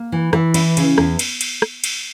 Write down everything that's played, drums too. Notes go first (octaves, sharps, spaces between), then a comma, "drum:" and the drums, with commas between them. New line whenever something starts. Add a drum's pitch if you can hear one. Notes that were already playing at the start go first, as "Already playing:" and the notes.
Already playing: A#3
E3
E3, drum: rim click
E4, drum: cymbal
C#3, drum: cymbal
E2, drum: rim click
drum: cymbal
drum: cymbal
drum: rim click
drum: cymbal